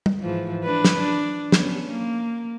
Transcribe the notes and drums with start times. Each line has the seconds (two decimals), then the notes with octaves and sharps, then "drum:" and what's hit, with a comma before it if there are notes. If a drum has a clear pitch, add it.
0.06 drum: tom G3
0.21 G#2 E3 F3
0.64 D4 B4
0.85 drum: snare
0.96 D4
1.52 B3 C#4, drum: snare
1.90 A#3